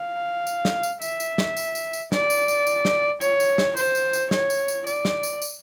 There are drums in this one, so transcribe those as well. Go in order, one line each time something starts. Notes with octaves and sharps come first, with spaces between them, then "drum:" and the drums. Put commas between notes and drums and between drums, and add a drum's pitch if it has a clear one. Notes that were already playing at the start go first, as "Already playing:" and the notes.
Already playing: F5
drum: tambourine
drum: snare
drum: tambourine
E5, drum: tambourine
drum: tambourine
drum: snare
drum: tambourine
drum: tambourine
drum: tambourine
D5, drum: snare
drum: tambourine
drum: tambourine
drum: tambourine
drum: snare
C#5, drum: tambourine
drum: tambourine
drum: snare
C5, drum: tambourine
drum: tambourine
drum: tambourine
C#5, drum: snare
drum: tambourine
drum: tambourine
D5, drum: tambourine
drum: snare
drum: tambourine
drum: tambourine